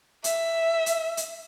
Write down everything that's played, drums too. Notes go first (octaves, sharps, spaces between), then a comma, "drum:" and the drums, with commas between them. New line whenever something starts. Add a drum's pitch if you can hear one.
E5, drum: hi-hat
drum: hi-hat
drum: hi-hat